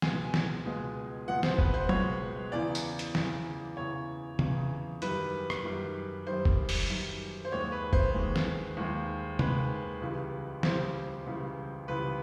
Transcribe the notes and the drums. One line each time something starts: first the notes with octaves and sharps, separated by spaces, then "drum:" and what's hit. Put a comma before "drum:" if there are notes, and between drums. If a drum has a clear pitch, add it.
C#2 B2 G#3 G#5, drum: snare
drum: snare
C#2 B2 G#3
C#2 B2 G#3 F#5
C5, drum: snare
B4, drum: kick
C5
C#2 B2 G#3 C#5, drum: tom
E2 C#3 E3 D5
drum: tambourine
drum: hi-hat
E2 C#3 E3, drum: snare
E2 C#3 E3 C#5
E2 C#3 E3, drum: tom
F#2 D#3 G3 B4, drum: hi-hat
drum: rim click
F#2 D#3 G3
F#2 D#3 G3 C5
drum: kick
drum: open hi-hat
F#2 D#3 G3
C5
D#2 D#3 G#3 C#5
B4
C5, drum: kick
D#2 D#3 G#3
drum: snare
D#2 D#3 G#3
D#2 D#3 G#3 B4, drum: tom
C#2 C#3 E3 G3
C#2 C#3 E3 G3 C5, drum: snare
C#2 C#3 E3 G3
C#2 C#3 E3 G3 B4